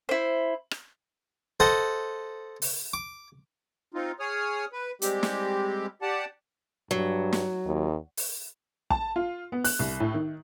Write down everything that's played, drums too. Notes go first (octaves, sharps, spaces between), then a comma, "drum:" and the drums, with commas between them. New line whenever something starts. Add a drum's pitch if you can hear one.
E4 C5
drum: rim click
A4 C5 D#5 F#5
drum: open hi-hat
D6
C4 D#4 F4
G#4 C#5 D#6 F6
B4
G3 G#3 C4 G4, drum: hi-hat
drum: snare
G4 D5 F#5 A5
G2 F#3
drum: snare
D#2
drum: open hi-hat
A5, drum: kick
F4
B3
F#6, drum: open hi-hat
C2
A2
D#3